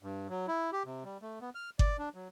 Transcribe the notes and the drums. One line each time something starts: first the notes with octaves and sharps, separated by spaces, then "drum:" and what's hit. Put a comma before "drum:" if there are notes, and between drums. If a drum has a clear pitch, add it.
G2
F#3
E4
G4
C3
G3
A3
B3
F6
D5, drum: kick G1
D4
F#3